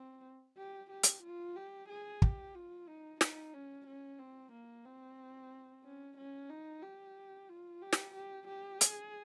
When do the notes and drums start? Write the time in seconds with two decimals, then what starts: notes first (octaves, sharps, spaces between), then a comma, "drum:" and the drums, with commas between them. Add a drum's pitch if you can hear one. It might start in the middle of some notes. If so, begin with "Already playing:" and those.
Already playing: C4
0.57 G4
0.91 G4
1.03 drum: hi-hat
1.23 F4
1.56 G4
1.89 G#4
2.22 G4, drum: kick
2.55 F4
2.88 D#4
3.21 D#4, drum: snare
3.54 C#4
3.87 C#4
4.19 C4
4.52 A#3
4.85 C4
5.84 C#4
6.17 C#4
6.50 D#4
6.83 G4
7.49 F4
7.82 G4
7.93 drum: snare
8.15 G4
8.48 G4
8.81 G#4, drum: hi-hat